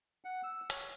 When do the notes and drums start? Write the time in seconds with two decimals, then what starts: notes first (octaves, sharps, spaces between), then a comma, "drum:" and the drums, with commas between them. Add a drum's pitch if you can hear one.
0.25 F#5
0.43 E6
0.70 C#5, drum: hi-hat